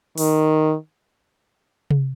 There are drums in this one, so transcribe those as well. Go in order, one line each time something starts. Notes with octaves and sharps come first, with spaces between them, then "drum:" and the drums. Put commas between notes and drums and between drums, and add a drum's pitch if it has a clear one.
D#3, drum: open hi-hat
drum: tom C3